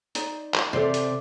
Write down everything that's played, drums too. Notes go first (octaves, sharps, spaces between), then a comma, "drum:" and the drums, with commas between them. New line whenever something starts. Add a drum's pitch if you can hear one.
D#4 C5 D5, drum: hi-hat
drum: clap
C3 A4 C5 D5
drum: hi-hat